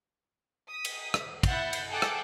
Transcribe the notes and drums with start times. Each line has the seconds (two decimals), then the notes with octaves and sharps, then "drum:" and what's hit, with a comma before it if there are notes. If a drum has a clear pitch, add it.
0.68 D#6 B6
0.85 drum: cymbal
1.14 drum: rim click
1.43 E4 E5 F#5 G6 A6 C7, drum: kick, cymbal
1.73 drum: cymbal
1.89 G#4 A4 F#5 G5 A5 D6
2.02 drum: rim click